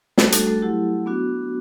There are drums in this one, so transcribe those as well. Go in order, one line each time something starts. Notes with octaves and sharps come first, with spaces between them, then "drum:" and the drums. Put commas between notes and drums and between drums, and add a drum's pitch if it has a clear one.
G3 A3 D4 F#4 A4, drum: snare
A3 A4, drum: hi-hat
A3 A4
F#3 A3 E4 G4
B3 D4 F#4